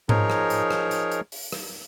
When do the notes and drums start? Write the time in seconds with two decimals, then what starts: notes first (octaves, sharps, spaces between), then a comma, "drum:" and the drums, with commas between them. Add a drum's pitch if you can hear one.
0.09 F3 D#4 G#4 A#4 C#5, drum: tom G#2
0.30 drum: rim click
0.50 drum: hi-hat
0.71 drum: rim click
0.91 drum: hi-hat
1.12 drum: hi-hat
1.32 drum: open hi-hat
1.52 drum: rim click